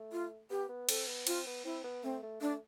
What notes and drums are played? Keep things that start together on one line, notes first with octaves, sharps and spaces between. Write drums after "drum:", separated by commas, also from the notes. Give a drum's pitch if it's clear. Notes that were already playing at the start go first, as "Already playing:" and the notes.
Already playing: A3
F4
B3 G4
B3
C4 A4, drum: cymbal
B3
C4 F4, drum: cymbal
B3
C4 E4
B3
A3 C4
A3
A3 D4